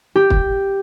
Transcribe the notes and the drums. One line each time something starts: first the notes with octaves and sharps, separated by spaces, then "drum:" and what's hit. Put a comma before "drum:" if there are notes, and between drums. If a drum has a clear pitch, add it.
G4
drum: kick